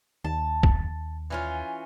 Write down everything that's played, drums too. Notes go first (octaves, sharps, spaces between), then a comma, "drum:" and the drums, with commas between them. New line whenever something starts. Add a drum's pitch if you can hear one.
D#2 A5
drum: kick
E3 C#4 F4